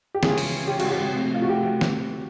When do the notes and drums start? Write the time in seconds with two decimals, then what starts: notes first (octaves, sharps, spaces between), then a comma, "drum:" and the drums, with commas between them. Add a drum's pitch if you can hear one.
0.15 G4
0.23 C#3 E3 G#3 C#4 F4 G#4, drum: snare
0.38 drum: open hi-hat
0.68 G4
0.80 F#4, drum: cymbal
0.90 G4
1.12 C3 F3 A3 C4
1.34 F4
1.42 F#4
1.49 G4
1.81 drum: snare